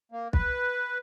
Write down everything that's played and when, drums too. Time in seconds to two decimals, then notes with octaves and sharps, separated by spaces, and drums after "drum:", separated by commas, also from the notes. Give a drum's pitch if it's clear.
0.12 A#3
0.33 B4, drum: kick